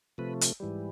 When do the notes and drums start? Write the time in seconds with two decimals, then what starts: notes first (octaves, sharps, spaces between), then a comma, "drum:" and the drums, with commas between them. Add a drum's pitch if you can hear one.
0.18 C3 F3 A3 B4
0.41 drum: hi-hat
0.60 G#2 E3 G3